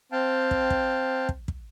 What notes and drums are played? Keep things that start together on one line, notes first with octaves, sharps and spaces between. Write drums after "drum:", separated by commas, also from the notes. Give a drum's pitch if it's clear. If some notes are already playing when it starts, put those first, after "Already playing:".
C4 F5 G5 A5
drum: kick
drum: kick
drum: kick
drum: kick